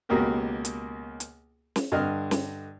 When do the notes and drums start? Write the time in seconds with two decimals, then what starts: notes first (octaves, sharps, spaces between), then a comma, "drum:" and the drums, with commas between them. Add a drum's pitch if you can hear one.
0.09 C#2 B2 A#3 F#4 G4 A#4
0.65 drum: hi-hat
1.20 drum: hi-hat
1.76 drum: snare
1.92 G2 D3 D#5 F6
2.31 drum: snare